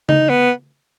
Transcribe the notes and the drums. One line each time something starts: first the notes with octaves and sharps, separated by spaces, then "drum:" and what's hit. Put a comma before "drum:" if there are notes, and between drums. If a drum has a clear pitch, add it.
D#4, drum: tom C#3
B3